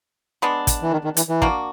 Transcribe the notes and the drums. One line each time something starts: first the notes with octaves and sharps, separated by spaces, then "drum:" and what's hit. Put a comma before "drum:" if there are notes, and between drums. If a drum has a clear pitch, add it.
G#3 B3 D4
drum: kick, hi-hat
E3
D#3
D#3
E3, drum: hi-hat
E3
A#3 D4 F#4, drum: kick